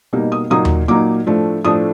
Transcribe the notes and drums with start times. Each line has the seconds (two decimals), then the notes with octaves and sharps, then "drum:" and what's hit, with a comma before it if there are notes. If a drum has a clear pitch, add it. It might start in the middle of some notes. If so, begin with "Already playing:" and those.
0.13 B2 G3 A#3 D#4
0.32 D#6
0.50 A#2 F#3 A#3 D#4 D#6
0.65 drum: tom D#2
0.88 A#2 F#3 A#3 D#4 D6
1.27 A2 F3 A3 D4
1.65 A2 F3 A3 D4 D#6